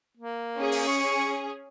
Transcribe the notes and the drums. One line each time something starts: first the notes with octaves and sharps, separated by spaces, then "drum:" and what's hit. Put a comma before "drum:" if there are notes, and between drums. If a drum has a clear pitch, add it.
A#3
C#4 G#4
drum: open hi-hat
C#6